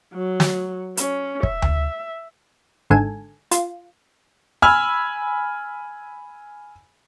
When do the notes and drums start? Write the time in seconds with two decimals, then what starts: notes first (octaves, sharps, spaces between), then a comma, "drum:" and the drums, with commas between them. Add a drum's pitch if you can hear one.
0.14 F#3
0.40 drum: snare
0.97 C#4, drum: hi-hat
1.43 E5, drum: kick
1.62 drum: tom D2
2.90 G#1 G#2 D3 A4 G#5
3.51 F4, drum: hi-hat
4.62 G#5 B5 E6 F6